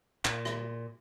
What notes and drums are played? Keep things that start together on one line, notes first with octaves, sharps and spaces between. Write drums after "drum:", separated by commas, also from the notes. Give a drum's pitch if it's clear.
A#2, drum: clap
drum: rim click